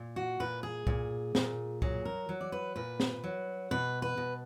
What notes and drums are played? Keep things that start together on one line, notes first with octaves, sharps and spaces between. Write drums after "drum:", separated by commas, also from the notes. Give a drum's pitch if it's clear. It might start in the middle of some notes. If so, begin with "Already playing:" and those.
Already playing: A#2
F#4
A#2 B4
G#4
A#2, drum: kick C2
A#2, drum: snare
F#3 G#4, drum: kick C2
A#4
F#3
D5
B4
A#2 B4
drum: snare
F#3
B2 B4
B4
B2